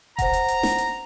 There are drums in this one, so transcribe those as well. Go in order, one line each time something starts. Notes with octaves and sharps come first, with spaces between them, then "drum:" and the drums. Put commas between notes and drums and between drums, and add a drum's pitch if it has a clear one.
C5 F#5 A#5, drum: kick E1, hi-hat
drum: hi-hat
drum: hi-hat
drum: snare
drum: hi-hat